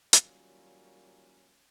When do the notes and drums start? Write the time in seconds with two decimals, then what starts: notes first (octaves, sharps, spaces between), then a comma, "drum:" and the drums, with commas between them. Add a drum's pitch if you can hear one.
0.13 D#3 F#3 G3 A#3 C#4 F4, drum: hi-hat